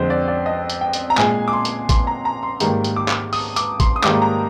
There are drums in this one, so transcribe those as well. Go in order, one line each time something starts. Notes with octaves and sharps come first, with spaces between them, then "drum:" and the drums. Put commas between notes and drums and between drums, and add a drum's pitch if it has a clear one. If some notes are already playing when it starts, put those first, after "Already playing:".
Already playing: F2 D3 G#3 C5
D5
D5
D#5
drum: hi-hat
G5
drum: hi-hat
A#5
A#2 G#3 G#5, drum: clap
D6
C6
drum: hi-hat
C6, drum: kick G#1, hi-hat
A#5
A#5
C6
G#2 D#3 G3 A#3, drum: hi-hat
drum: hi-hat
D6
drum: clap
D#6, drum: open hi-hat
D6, drum: hi-hat
C6, drum: kick G#1, hi-hat
D#6
G#2 D#3 G3 A#3 D6, drum: clap
A#5